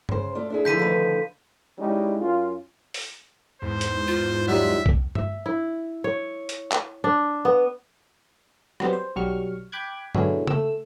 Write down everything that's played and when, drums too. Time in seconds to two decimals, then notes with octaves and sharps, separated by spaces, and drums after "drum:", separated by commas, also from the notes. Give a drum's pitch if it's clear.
0.09 C#3 C5, drum: tom G2
0.35 A3 F4 D5
0.50 D4 E4 G#4
0.65 D3 E3 F3 G6 B6 D#7
0.79 D2 D#3 F3 B4
1.79 G3 G#3 C#4 D#4 E4
2.21 F#2 C#4 F4
2.94 drum: open hi-hat
3.62 E2 G#2 C5
3.81 drum: hi-hat
4.08 F4
4.48 F#3 G3 D#4 E5
4.86 drum: kick B1
5.15 E5, drum: tom G2
5.46 E4
6.04 C#5
6.49 drum: hi-hat
6.72 drum: clap
7.04 D4
7.45 B3
8.80 F#3 G3 B3 C4, drum: rim click
8.93 C5
9.16 B1 F#3 G3 C#6 F6
9.72 G5 B5 D6 F#6 G#6
10.15 B2 D3 F#3 G#3 C#4 E4, drum: tom G2
10.47 A3 E6, drum: tom C#3